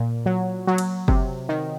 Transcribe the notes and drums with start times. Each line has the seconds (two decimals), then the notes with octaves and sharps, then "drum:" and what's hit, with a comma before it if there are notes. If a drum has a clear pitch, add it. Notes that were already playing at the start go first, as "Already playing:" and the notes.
Already playing: A#2
0.26 F#3
0.67 F#3
0.78 drum: cymbal
1.08 C3, drum: kick F#1
1.49 D#3